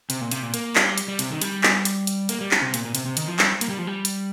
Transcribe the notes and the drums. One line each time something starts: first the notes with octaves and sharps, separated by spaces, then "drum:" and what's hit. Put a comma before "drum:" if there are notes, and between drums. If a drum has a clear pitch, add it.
C3, drum: hi-hat
A#2
C3, drum: hi-hat
A#2
A#3, drum: hi-hat
G3, drum: clap
drum: hi-hat
G3
C3, drum: hi-hat
D#3
G3, drum: hi-hat
drum: clap
drum: hi-hat
drum: hi-hat
A#3, drum: hi-hat
G3
drum: clap
C3
A#2, drum: hi-hat
A#2
C3, drum: hi-hat
C3
D#3, drum: hi-hat
F3
G3, drum: clap
A#3, drum: hi-hat
G3
F3
G3
drum: hi-hat